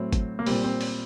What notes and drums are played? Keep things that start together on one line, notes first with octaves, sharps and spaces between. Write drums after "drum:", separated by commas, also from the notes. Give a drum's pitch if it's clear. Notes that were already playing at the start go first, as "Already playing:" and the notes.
Already playing: A2 F#3 C4
drum: kick G#1, hi-hat
A#3
A#2 G3 C4, drum: open hi-hat
C4
drum: open hi-hat